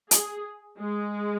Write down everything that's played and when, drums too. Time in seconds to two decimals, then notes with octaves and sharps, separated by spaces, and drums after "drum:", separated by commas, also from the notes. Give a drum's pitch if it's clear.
0.11 G#4, drum: hi-hat
0.78 G#3